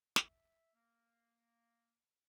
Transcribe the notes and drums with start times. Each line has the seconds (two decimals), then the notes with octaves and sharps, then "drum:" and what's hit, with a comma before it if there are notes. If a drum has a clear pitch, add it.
0.16 E5, drum: snare
0.74 A#3